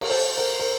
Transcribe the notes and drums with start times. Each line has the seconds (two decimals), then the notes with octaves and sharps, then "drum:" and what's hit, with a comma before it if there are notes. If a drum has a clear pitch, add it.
0.01 A#4, drum: cymbal
0.10 A4 C5
0.38 A#4
0.60 A#4